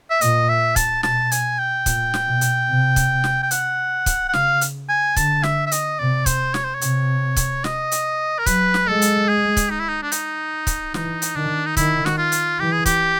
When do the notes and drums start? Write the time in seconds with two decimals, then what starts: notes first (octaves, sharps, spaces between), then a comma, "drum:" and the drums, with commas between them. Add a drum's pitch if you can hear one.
0.10 E5
0.21 A#2 D#5, drum: hi-hat
0.49 E5
0.76 A5, drum: kick, hi-hat
1.03 B2 A5, drum: snare
1.32 G#5, drum: hi-hat
1.59 G5
1.86 A#2, drum: kick, hi-hat
2.14 drum: snare
2.28 B2
2.41 drum: hi-hat
2.68 C3
2.96 drum: kick, hi-hat
3.24 drum: snare
3.43 G5
3.51 F#5, drum: hi-hat
4.06 drum: kick, hi-hat
4.29 F#5
4.33 C#3 F5, drum: snare
4.61 drum: hi-hat
4.89 G#5
5.16 D3 A5, drum: kick, hi-hat
5.43 E5, drum: snare
5.66 E5
5.72 D#5, drum: hi-hat
5.99 C3 D5
6.26 C5, drum: kick, hi-hat
6.54 C#5, drum: snare
6.64 C5
6.75 C#5
6.81 C3, drum: hi-hat
7.36 drum: kick, hi-hat
7.64 D#5, drum: snare
7.91 drum: hi-hat
8.39 A#4
8.46 F#3 B4, drum: kick, hi-hat
8.74 drum: snare
8.88 G#3 A4
9.02 drum: hi-hat
9.29 G#4
9.57 drum: kick, hi-hat
9.70 D#4
9.79 E4
9.88 D#4
10.02 D4
10.12 D#4, drum: hi-hat
10.67 drum: kick, hi-hat
10.94 E3 D#4, drum: snare
11.22 drum: hi-hat
11.35 D#3 D4
11.66 D#4
11.77 D#3 E4, drum: kick, hi-hat
12.06 F#4, drum: snare
12.18 F4
12.32 drum: hi-hat
12.59 E3 G4
12.72 G#4
12.86 G4, drum: kick, hi-hat